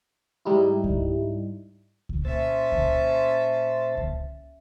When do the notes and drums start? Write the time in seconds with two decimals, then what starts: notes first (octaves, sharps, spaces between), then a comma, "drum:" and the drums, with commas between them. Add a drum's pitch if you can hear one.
0.45 G#2 G3 D#4 E4
0.84 drum: kick C#2
2.09 drum: kick C#2
2.25 A#2 C#4 C5 E5 A5
2.72 drum: kick C#2
3.97 drum: kick C#2